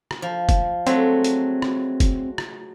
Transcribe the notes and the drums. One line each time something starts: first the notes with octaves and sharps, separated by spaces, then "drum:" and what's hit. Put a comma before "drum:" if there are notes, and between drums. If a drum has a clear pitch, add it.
drum: rim click
F3
drum: kick, hi-hat
F#3 G#3 A3 C4, drum: hi-hat
drum: hi-hat
drum: rim click
drum: kick, hi-hat
drum: rim click